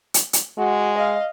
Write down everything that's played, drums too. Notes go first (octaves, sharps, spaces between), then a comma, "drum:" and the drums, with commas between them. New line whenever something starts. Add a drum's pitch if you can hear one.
drum: hi-hat
drum: hi-hat
G#3 F#4
D#5 F5